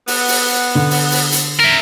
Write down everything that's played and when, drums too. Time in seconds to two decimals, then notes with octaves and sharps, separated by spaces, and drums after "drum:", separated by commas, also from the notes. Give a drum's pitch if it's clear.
0.08 B3 F#5, drum: open hi-hat
0.28 drum: open hi-hat
0.75 D3
0.91 drum: open hi-hat
1.11 drum: open hi-hat
1.32 drum: hi-hat
1.59 A#4 E5